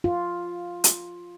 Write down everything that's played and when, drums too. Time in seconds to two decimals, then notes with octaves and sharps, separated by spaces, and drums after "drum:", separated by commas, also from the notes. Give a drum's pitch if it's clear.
0.04 F4
0.84 drum: hi-hat